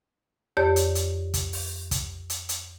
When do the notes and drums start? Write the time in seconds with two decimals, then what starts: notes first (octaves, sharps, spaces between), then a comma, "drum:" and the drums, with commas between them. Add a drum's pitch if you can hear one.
0.57 F2 G4 C#5 D5 G6
0.76 drum: hi-hat
0.95 drum: hi-hat
1.34 drum: kick, hi-hat
1.53 drum: open hi-hat
1.91 drum: kick, hi-hat
2.30 drum: hi-hat
2.49 drum: hi-hat